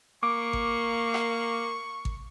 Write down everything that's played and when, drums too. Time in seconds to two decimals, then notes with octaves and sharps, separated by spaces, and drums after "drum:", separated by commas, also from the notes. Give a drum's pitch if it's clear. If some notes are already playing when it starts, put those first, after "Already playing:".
0.23 A#3 C#6 D6
0.53 drum: kick G#1
1.14 drum: rim click
2.05 drum: kick G#1